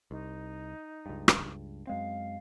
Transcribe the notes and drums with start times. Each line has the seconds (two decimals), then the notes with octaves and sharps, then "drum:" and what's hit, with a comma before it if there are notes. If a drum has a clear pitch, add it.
0.11 C2 D#4
1.06 C#2 G2
1.28 drum: rim click
1.87 F#2 G#3 C4 F5